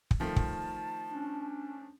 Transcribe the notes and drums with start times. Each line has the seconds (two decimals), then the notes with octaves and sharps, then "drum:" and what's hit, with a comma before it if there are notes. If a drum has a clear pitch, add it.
0.11 drum: kick
0.20 D#3 F3 A3 A5
0.36 drum: kick
1.12 C#4 D4